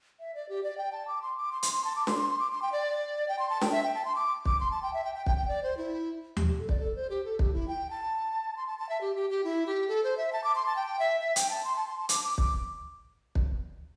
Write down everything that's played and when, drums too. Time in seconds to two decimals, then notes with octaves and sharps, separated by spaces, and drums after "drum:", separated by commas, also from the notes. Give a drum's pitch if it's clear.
0.20 E5
0.35 D5
0.49 G4
0.63 D5
0.78 G5
0.93 A5
1.08 D6
1.22 C6
1.37 D6
1.52 C6
1.63 C6, drum: hi-hat
1.74 C6
1.85 A5
1.96 D6
2.07 C6, drum: snare
2.18 C6
2.30 C6
2.39 D6
2.51 C6
2.62 G5
2.72 D5
3.28 G5
3.39 C6
3.50 A5
3.61 G5, drum: snare
3.72 E5
3.83 G5
3.95 A5
4.05 C6
4.16 D6
4.45 D6, drum: kick
4.60 C6
4.71 A5
4.82 G5
4.94 E5
5.04 G5
5.15 G5
5.26 G5, drum: kick
5.37 G5
5.48 D5
5.63 C5
5.77 E4
6.37 G4, drum: tom D#2
6.47 G4
6.59 A4
6.69 D5, drum: kick
6.80 A4
6.96 C5
7.10 G4
7.25 A4
7.39 G4, drum: kick
7.53 E4
7.68 G5
7.90 A5
8.57 C6
8.67 A5
8.79 A5
8.89 E5
9.01 G4
9.16 G4
9.30 G4
9.44 E4
9.66 G4
9.88 A4
10.04 C5
10.17 E5
10.33 A5
10.44 D6
10.55 C6
10.66 A5
10.76 G5
10.99 E5
11.21 E5
11.36 G5, drum: hi-hat
11.50 A5
11.64 C6
11.76 A5
11.88 C6
11.99 A5
12.09 D6, drum: hi-hat
12.24 D6
12.38 D6, drum: kick
13.35 drum: kick